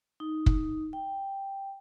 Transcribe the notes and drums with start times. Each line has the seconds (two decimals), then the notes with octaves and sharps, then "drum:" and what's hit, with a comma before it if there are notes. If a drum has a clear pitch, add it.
0.20 D#4
0.46 drum: kick
0.93 G5